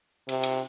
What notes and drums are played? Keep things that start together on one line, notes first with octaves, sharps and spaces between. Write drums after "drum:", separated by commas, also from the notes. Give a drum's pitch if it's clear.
C3, drum: cymbal
drum: cymbal